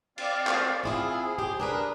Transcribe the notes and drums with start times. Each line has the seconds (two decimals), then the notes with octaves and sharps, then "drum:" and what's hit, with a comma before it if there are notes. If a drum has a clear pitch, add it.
0.18 C4 D5 F5, drum: cymbal
0.47 drum: clap
0.84 C4 E4 F4 G#4
1.38 G4 C5
1.60 D4 A#4 B4